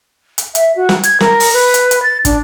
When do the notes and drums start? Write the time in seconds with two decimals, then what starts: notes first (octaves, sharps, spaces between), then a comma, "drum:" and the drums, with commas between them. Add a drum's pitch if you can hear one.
0.38 drum: hi-hat
0.55 E5, drum: hi-hat
0.76 F#4
0.89 drum: snare
1.03 G#6, drum: hi-hat
1.20 A#4, drum: snare
1.40 drum: open hi-hat
1.54 B4
1.74 drum: hi-hat
1.91 drum: hi-hat
2.03 A6
2.25 D4, drum: kick, hi-hat